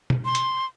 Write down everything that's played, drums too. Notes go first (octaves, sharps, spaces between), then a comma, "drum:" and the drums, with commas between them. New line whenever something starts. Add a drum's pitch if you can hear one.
drum: tom B2
C6
drum: hi-hat